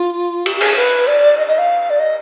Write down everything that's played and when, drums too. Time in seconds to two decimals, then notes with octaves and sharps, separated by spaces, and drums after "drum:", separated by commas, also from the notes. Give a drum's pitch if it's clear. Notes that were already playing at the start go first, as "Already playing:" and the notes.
Already playing: F4
0.46 G4, drum: cymbal
0.56 G4
0.61 G#4, drum: cymbal
0.76 B4
1.07 D5
1.38 D#5
1.48 D#5
1.58 F5
1.90 D5
1.99 D#5